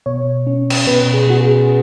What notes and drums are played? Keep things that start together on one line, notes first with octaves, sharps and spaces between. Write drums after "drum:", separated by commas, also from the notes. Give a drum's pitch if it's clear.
B2 C#5
C#4
drum: cymbal
B2 B4
G#4
B2 F#4
G#4